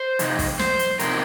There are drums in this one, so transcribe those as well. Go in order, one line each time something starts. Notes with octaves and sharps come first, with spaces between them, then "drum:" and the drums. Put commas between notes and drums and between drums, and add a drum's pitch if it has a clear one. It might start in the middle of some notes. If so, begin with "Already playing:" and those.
Already playing: C5
F2 C3 D#4, drum: hi-hat
drum: kick, open hi-hat
C5, drum: snare
drum: hi-hat
C3 F3 C4 D#4 A#4, drum: hi-hat